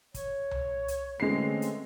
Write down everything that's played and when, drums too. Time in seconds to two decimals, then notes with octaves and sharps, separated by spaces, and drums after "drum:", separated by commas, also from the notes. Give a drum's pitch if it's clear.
0.14 C#5, drum: kick, hi-hat
0.51 drum: tom C2
0.88 drum: hi-hat
1.20 D3 G#3 A3 C4 C#4 G#4 B4 C7
1.62 drum: hi-hat